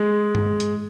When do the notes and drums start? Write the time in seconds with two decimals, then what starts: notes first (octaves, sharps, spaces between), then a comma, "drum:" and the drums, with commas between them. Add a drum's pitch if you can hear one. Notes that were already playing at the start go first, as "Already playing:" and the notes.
Already playing: G#3
0.35 drum: tom G2
0.60 drum: hi-hat